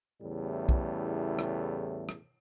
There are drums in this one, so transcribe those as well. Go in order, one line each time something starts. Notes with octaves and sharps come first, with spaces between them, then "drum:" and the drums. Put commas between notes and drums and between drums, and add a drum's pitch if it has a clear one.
E2 A2 C#3 G3 A3
drum: kick B1
drum: rim click
drum: rim click